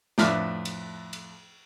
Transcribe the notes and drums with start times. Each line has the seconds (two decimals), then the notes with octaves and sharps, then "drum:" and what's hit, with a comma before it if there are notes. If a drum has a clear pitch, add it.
0.18 F2 A2 D4 B4 E5 F6, drum: snare
0.65 drum: cymbal
1.13 drum: cymbal